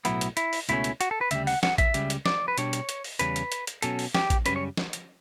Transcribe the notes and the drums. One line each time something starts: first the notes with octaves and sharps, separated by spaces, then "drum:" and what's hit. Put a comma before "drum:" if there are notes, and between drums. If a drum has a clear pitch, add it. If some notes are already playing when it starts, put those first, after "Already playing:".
B1 A2 F#3 B3 E4, drum: hi-hat
drum: hi-hat
E4, drum: hi-hat
drum: open hi-hat
C#2 B2 A3 C#4 E4, drum: hi-hat
drum: hi-hat
F#4, drum: hi-hat
A4
B4
D2 C#3 G3 E5, drum: hi-hat
F#5, drum: open hi-hat
F#5, drum: snare
E5, drum: kick A1, hi-hat
C#2 C#3 G3, drum: hi-hat
drum: hi-hat
D5, drum: snare
B4
B2 G3 D4 C#5, drum: hi-hat
drum: hi-hat
drum: hi-hat
drum: open hi-hat
E2 C#3 G3 C#4 B4, drum: hi-hat
drum: hi-hat
drum: hi-hat
drum: hi-hat
B2 F#3 C#4 A4, drum: hi-hat
drum: open hi-hat
G4, drum: snare
drum: kick A1, hi-hat
F#2 C#3 G3 C#4 B4, drum: hi-hat
C#5
drum: snare
drum: hi-hat